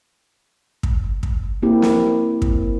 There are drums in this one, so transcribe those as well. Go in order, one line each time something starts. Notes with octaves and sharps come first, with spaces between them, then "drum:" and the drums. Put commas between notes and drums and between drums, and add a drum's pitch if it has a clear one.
drum: kick
drum: kick
A#3 C4 E4 G4
drum: snare
drum: kick